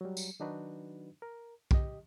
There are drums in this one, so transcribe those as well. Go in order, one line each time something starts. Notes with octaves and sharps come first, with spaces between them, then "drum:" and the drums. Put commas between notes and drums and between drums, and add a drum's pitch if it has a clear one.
F#3 G3
drum: tambourine
D#3 F#3 D4 D#4 F#4 B4
A#4
G4 D#5, drum: kick B1